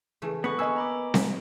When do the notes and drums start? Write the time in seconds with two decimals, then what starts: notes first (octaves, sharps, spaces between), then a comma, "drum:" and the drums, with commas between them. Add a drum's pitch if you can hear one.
0.22 C#3 E3 A3
0.44 D3 B3 D#5 B5 C#6 F#6
0.59 A#3 C#4 D#5 G#5 E6
0.76 A#5 B5 D6
1.14 drum: snare C4